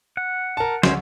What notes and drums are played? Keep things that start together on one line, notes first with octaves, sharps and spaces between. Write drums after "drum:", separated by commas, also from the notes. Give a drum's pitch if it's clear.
F#5
A#4 A5
D2 C#4 C5, drum: snare